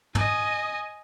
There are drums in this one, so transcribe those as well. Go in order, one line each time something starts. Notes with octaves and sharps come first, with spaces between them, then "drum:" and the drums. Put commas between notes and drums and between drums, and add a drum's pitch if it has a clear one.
D#5 G#5, drum: tom